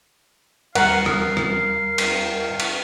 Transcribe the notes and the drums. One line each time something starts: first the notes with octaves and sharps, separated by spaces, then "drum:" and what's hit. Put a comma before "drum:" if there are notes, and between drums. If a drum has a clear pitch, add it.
D#2 G3 A#4 F5 F#5 A#5, drum: cymbal
drum: rim click
drum: rim click
drum: cymbal
drum: cymbal